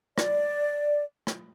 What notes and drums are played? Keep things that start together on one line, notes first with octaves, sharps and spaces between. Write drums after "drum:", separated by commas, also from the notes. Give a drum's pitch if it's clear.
D5, drum: rim click
drum: rim click